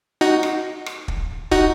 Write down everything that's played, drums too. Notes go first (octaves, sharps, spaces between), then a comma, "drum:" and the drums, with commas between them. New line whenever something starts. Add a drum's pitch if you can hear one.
D#4 F#4
drum: rim click
drum: rim click
drum: kick
D#4 F#4, drum: kick